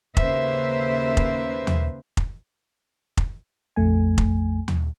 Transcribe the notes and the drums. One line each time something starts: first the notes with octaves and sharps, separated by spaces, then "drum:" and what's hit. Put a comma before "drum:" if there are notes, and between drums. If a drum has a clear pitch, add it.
D#2 C#3 A#3 B4 C5 E5, drum: kick F1
drum: kick F1
drum: tom D#2
drum: kick F1
drum: kick F1
A#1 F2 A3 G#5
drum: kick F1
drum: tom D#2